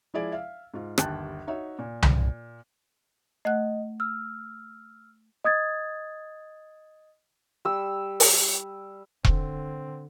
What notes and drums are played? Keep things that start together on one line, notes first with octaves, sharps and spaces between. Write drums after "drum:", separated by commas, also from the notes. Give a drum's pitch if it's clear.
F3 G#3 E4 G#4 D5
E5 F5
G#2 F4
G1 D#2 G5 A5 F#6, drum: rim click
D#4 F#4 C#5 E5
A#2
drum: tom C2
A3 D#5 F#5 F#6
E6 F6
D#5 D#6 G#6 A6
G3 E6
drum: open hi-hat
D3 C4, drum: kick E1